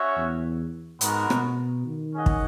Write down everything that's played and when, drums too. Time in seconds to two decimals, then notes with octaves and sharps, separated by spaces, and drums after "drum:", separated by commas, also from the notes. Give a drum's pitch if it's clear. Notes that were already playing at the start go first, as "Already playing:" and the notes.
Already playing: C#4 F#4 C#5 E5
0.17 E2
1.01 G#2 G#3 B3 F#4 A#4, drum: hi-hat
1.30 B2, drum: rim click
1.86 D#3
2.15 C#4 G#4 D#5 F#5
2.26 drum: kick